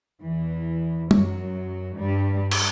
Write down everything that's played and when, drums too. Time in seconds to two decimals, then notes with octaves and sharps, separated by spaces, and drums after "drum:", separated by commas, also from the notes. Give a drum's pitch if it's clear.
0.23 E2 E3
1.11 F#2 F#3, drum: tom
1.98 G2 G3
2.51 drum: cymbal